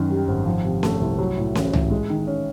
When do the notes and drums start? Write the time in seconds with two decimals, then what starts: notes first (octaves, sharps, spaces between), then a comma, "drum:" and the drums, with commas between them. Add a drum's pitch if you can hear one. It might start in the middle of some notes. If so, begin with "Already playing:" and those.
Already playing: F#2 D#3
0.10 G3
0.28 G#1
0.45 F3
0.64 C3
0.83 A3, drum: snare C#4
1.01 C2
1.19 F#3
1.37 A2
1.55 A1, drum: snare C#4
1.73 A1, drum: tom C2
1.91 G#3
2.10 D#3
2.27 C#4